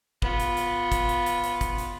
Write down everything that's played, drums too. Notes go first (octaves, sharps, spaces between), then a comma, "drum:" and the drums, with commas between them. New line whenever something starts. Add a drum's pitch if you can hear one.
B3 F4, drum: kick
drum: hi-hat
drum: hi-hat
drum: kick, hi-hat
drum: hi-hat
drum: hi-hat
drum: hi-hat
drum: kick, hi-hat
drum: hi-hat